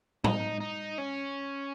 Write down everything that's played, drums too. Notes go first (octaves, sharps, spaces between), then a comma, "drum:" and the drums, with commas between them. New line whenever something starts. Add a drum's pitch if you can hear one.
D#4, drum: tom
D#4
C#4